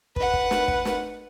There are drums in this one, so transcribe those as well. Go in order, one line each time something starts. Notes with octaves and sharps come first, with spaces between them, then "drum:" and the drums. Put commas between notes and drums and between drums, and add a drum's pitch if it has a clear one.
B4 F#5, drum: kick
drum: kick
drum: snare
drum: kick
drum: snare